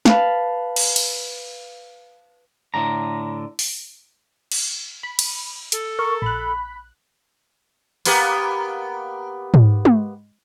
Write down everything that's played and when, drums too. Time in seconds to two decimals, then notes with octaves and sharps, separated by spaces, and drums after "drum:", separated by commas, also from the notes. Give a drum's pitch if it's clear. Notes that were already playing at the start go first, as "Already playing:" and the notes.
0.05 B4 F5 A5, drum: snare
0.76 drum: cymbal
0.96 drum: cymbal
2.74 A2 D3 A#5
3.59 drum: open hi-hat
4.52 drum: cymbal
5.03 B5
5.19 drum: cymbal
5.72 A4, drum: hi-hat
5.99 A#4 C#6
6.22 A#1 B5 F#6
8.05 A#3 B3 G4, drum: open hi-hat
9.54 drum: tom
9.85 drum: tom